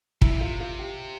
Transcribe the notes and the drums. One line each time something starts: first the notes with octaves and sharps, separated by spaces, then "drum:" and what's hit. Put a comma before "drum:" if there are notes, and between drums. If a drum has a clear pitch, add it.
C3 E4, drum: kick
A#2
C3 F4
F4
G4